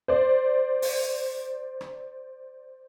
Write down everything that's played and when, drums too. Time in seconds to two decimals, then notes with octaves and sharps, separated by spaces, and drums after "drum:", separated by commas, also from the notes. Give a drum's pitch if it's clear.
0.08 C5 D5
0.82 drum: open hi-hat
1.81 drum: rim click